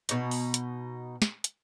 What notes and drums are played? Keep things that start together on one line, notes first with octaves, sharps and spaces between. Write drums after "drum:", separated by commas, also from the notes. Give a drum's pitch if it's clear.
B2 D#4, drum: hi-hat
drum: open hi-hat
drum: hi-hat
drum: snare
drum: hi-hat